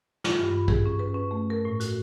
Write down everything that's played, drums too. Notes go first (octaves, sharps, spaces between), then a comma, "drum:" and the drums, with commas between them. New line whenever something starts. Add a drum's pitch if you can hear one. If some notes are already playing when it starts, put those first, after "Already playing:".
F4, drum: snare
G2
B5
G#4, drum: kick
C#4
B4
C#4
A3
A#4
A2
F#4, drum: hi-hat